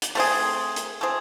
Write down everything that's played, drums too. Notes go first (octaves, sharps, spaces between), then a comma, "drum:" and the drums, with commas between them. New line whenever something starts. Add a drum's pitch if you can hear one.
drum: hi-hat
A3 C4 G#4, drum: open hi-hat
drum: hi-hat
A3 C4 G#4